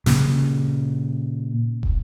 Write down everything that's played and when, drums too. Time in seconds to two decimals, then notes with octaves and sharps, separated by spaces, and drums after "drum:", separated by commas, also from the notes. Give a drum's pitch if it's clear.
0.06 A#2 C#3, drum: snare
1.83 drum: kick